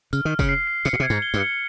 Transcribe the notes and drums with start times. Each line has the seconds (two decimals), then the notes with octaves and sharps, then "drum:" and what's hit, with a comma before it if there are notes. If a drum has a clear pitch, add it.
0.13 C#3 F6, drum: tambourine
0.25 D#3
0.31 F6
0.39 C#3, drum: kick, tambourine
0.49 C7
0.67 C7
0.85 C3 C#7, drum: tambourine
0.93 A#2
1.00 C3
1.03 G#6
1.10 G#2, drum: tambourine
1.22 G7
1.34 G2, drum: tambourine
1.40 C#7